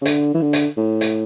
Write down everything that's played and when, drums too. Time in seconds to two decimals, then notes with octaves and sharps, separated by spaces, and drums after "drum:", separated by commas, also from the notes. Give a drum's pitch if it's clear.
0.01 C#3
0.05 D3, drum: hi-hat
0.34 E3
0.42 D3
0.53 drum: hi-hat
0.77 A2
1.01 drum: hi-hat